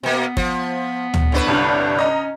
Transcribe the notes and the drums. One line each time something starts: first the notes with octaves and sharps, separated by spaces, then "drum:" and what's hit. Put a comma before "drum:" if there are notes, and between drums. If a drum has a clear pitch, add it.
B2 A#3 B3
F3, drum: kick
drum: tom
A2 D4 B4
G1 C2 G2
C#4 D#5 A#5